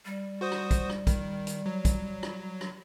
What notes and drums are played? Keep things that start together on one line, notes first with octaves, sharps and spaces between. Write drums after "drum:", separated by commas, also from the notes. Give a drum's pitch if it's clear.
G3
F#4 C5 D#6
drum: rim click
drum: kick, hi-hat
drum: rim click
D#3, drum: kick, hi-hat
drum: hi-hat
F#3
drum: kick, hi-hat
drum: rim click
drum: rim click